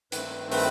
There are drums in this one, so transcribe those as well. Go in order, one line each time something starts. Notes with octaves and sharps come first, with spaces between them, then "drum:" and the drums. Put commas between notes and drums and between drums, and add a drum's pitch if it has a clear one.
G2 D#3 A3 C4 B4, drum: hi-hat
B4, drum: open hi-hat